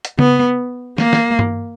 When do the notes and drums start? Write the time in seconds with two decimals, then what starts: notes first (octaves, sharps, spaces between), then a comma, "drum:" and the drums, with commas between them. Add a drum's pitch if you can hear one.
0.05 drum: hi-hat
0.19 B3, drum: tom C#3
0.98 A#3, drum: snare
1.13 drum: snare
1.39 drum: tom G2